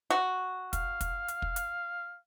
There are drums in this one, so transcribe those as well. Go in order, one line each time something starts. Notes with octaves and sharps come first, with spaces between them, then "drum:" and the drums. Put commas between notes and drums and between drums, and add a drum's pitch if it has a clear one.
F#4
F5, drum: kick, hi-hat
drum: kick, hi-hat
drum: hi-hat
drum: kick
drum: hi-hat